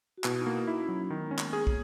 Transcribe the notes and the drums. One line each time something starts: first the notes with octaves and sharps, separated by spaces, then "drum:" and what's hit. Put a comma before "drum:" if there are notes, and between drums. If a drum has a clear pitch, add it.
F#4
B2 E4, drum: clap
D#4
A#3
E4
D#4 E4
C#4
F#3
C#4
D#3 B3
G#3
A#3 C#4
G#3, drum: clap
G#4
drum: kick